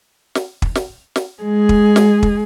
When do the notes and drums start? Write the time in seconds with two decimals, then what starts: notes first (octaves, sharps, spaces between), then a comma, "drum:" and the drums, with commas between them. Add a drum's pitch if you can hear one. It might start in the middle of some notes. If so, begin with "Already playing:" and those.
0.35 drum: snare
0.62 drum: kick
0.75 drum: snare
1.16 drum: snare
1.42 G#3 G#4
1.69 drum: kick
1.96 drum: snare
2.23 drum: kick